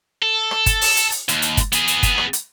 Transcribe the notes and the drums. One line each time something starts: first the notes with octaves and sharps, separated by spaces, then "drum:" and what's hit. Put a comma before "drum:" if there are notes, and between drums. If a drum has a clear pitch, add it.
A4
drum: rim click
drum: kick G1, hi-hat
drum: open hi-hat
drum: hi-hat
drum: hi-hat
D#2, drum: hi-hat
drum: hi-hat
drum: kick G1, hi-hat
B3 G#4, drum: hi-hat
drum: hi-hat
drum: kick G1, hi-hat
drum: rim click
drum: hi-hat